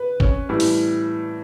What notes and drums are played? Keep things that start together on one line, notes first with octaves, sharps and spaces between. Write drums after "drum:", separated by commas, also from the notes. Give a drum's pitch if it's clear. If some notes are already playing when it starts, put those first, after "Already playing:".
Already playing: B4
C#4, drum: kick
A2 E3 G3
drum: open hi-hat